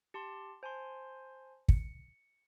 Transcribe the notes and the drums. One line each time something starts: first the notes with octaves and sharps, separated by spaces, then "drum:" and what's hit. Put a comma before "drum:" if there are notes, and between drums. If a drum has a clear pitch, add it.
G4 A5 C6
C5 G#5 A5 C6
C#7, drum: kick